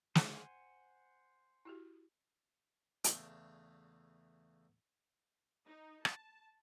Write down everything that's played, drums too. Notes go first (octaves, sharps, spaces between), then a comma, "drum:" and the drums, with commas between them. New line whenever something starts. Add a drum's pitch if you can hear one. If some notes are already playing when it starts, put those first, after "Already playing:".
C5 F#5 G#5, drum: snare
E4 F#4 G4
E2 C#3 E3 A3 D4, drum: hi-hat
D#4
A5, drum: rim click